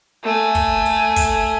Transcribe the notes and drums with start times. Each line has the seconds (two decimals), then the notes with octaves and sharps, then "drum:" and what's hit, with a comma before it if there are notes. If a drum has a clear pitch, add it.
0.24 A3 G#5
0.55 drum: kick, open hi-hat
0.86 drum: open hi-hat
1.16 drum: kick, hi-hat